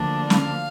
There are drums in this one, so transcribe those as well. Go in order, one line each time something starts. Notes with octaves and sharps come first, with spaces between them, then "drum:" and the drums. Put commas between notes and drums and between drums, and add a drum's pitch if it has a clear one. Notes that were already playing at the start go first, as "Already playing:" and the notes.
Already playing: D2 D3 F3 A#3 D4
F5, drum: snare